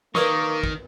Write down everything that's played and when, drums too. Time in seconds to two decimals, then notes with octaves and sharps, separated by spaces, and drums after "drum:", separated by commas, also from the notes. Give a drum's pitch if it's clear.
0.15 D#3 A#3 A#4 B4 D5 C#6 D#6, drum: snare
0.64 drum: kick